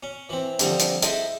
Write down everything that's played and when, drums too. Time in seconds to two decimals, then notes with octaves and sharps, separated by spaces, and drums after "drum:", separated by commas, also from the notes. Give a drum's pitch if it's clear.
0.03 C#4
0.29 E3 C4
0.59 D3 F3 G3 C4, drum: hi-hat
0.79 drum: hi-hat
1.02 E4 G#4 A4 C5 D#5, drum: hi-hat